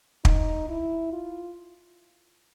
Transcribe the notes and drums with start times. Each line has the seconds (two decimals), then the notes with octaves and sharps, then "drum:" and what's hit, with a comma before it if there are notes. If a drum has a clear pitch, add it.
0.25 D#4, drum: kick
0.69 E4
1.13 F4